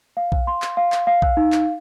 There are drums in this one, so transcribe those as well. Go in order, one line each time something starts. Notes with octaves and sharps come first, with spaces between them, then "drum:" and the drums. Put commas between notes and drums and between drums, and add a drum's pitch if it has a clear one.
F5
drum: kick B1
C6
drum: clap
F5
drum: clap
F5
drum: kick B1
D#4
drum: clap